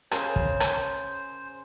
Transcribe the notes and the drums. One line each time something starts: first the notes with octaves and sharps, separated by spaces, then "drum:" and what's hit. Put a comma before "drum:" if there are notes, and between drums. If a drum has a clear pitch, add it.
C#3 G#4 A#4 C5, drum: rim click
drum: kick
drum: rim click